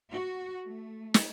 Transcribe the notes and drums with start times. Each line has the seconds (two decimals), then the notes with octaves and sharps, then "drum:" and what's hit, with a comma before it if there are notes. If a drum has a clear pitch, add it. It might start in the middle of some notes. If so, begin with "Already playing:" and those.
0.11 F#4
0.65 A3
1.14 drum: snare